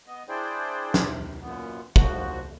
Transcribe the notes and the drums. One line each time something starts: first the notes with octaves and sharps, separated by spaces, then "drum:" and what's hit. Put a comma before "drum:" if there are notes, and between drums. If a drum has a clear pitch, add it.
B3 D#5
D4 E4 G#4 C5 D5 G5
drum: snare
F#2 A#2 B3
G#2 F3 F#4, drum: kick